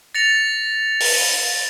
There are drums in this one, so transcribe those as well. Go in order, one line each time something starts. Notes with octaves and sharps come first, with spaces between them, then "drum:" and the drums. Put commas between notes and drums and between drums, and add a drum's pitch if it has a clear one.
A6 A#6 C#7 F7
drum: open hi-hat